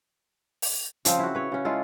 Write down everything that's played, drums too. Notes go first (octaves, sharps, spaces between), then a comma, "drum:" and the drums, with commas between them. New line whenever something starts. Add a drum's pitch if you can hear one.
drum: open hi-hat
C#3 F3 C4 F4, drum: hi-hat
E4 F#4
B4 C#5
C#3 C#4
G#3 E4 F4 A4